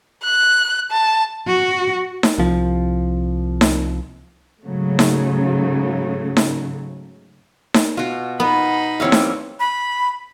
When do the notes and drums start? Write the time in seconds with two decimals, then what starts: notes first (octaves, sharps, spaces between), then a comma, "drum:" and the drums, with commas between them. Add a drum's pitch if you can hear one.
0.24 F#6
0.91 A5
1.47 F#4
2.23 drum: snare D#4
2.38 C2 F3
3.61 drum: snare D#4
4.64 G#2 C#3 F#3 A3
4.99 drum: snare D#4
6.37 drum: snare D#4
7.74 drum: snare D#4
7.97 B2 F4 F#4
8.40 B3 D#4 B5
9.00 F#2 E3 G3 C4 C#5 F5
9.12 drum: snare D#4
9.60 B5